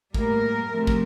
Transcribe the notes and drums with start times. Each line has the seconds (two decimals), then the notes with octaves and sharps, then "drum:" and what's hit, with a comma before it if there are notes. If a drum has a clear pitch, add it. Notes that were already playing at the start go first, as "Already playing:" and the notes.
0.14 A2 G3 A#3 A#4, drum: kick
0.69 C3 F3 A3
0.87 drum: kick